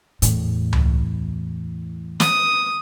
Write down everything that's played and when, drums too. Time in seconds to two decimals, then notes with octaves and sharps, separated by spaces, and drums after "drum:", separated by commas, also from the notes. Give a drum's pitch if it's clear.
0.22 E2 A2, drum: hi-hat
0.73 drum: tom C#2
2.20 D#6, drum: snare